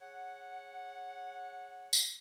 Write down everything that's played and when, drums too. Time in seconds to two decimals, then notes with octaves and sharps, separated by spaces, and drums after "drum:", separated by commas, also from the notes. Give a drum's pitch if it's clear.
0.01 G#4 C#5 F#5
1.93 drum: tambourine